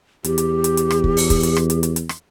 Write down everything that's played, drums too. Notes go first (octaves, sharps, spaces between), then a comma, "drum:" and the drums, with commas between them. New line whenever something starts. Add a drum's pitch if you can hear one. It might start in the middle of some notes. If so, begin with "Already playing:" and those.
E2 G4, drum: hi-hat
drum: hi-hat
drum: hi-hat
drum: hi-hat
drum: rim click
drum: kick
drum: open hi-hat
drum: kick, hi-hat
drum: hi-hat
drum: rim click
drum: hi-hat
drum: hi-hat
drum: hi-hat
drum: rim click